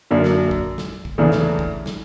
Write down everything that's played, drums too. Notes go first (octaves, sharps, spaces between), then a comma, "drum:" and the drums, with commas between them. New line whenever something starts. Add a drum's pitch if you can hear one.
F#2 D3 F#3 A#3 D4
drum: snare
drum: kick A#1
drum: snare
drum: kick A#1
E2 C#3 E3 A3 D4
drum: snare
drum: kick A#1
drum: snare